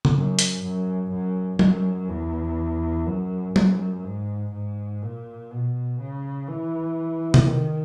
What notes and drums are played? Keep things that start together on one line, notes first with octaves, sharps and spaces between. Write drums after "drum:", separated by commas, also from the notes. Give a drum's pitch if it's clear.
drum: tom C#3
F#2
drum: hi-hat
F#2
F#2
F#2, drum: tom
E2
F#2
F#2, drum: tom
G#2
G#2
A#2
B2
C#3
E3
drum: tom C3
D#3